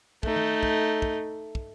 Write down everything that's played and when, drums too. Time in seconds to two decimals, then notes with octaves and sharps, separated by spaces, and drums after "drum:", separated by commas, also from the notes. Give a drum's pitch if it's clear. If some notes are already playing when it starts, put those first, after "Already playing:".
0.23 A3 D#4, drum: kick
0.36 drum: tom D#3
0.63 drum: kick
1.02 drum: kick
1.55 drum: kick